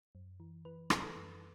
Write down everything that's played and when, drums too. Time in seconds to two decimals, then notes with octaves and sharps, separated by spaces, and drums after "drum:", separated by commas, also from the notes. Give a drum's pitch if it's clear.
0.15 F#2
0.40 E3
0.65 E3 B4
0.90 E3, drum: rim click
0.96 B4
1.03 A4
1.16 F#2